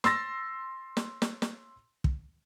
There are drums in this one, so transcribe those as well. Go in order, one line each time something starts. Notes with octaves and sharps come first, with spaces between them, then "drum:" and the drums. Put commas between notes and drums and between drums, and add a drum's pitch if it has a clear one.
C6 E6 A6 A#6, drum: snare
drum: snare
drum: snare
drum: snare
drum: kick